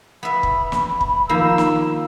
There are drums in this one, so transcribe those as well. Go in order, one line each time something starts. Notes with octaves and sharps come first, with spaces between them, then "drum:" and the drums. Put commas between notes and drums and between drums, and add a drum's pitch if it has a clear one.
B3 E5 B5
drum: kick
drum: snare
drum: kick
D#3 F3 A#3 E6
drum: snare